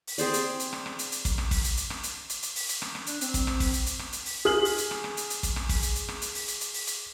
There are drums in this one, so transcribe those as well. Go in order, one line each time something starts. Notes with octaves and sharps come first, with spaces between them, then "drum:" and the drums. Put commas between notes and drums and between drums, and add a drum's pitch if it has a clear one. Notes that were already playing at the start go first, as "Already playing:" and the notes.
drum: open hi-hat
C4 G#4 C5 D5, drum: hi-hat
drum: hi-hat
drum: hi-hat
drum: rim click
drum: rim click
drum: hi-hat
drum: hi-hat
drum: kick, hi-hat
drum: rim click
drum: kick, open hi-hat
drum: hi-hat
drum: hi-hat
drum: rim click
drum: hi-hat
drum: hi-hat
drum: hi-hat
drum: open hi-hat
drum: hi-hat
drum: rim click
drum: rim click
D4, drum: hi-hat
C4, drum: hi-hat
drum: kick, hi-hat
drum: rim click
drum: kick, open hi-hat
drum: hi-hat
drum: hi-hat
drum: rim click
drum: hi-hat
drum: open hi-hat
G#4 F6 F#7
drum: open hi-hat
drum: hi-hat
drum: rim click
drum: rim click
drum: hi-hat
drum: hi-hat
drum: kick, hi-hat
drum: rim click
drum: kick, open hi-hat
drum: hi-hat
drum: hi-hat
drum: rim click
drum: hi-hat
drum: open hi-hat
drum: hi-hat
drum: hi-hat
drum: open hi-hat
drum: hi-hat